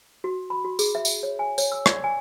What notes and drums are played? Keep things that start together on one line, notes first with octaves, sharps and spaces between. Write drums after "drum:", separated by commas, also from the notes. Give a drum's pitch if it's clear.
F#4
B5
F#4
G#4, drum: tambourine
E5
drum: tambourine
C#5
G#5
C#5, drum: tambourine
E6
D5, drum: rim click
G#5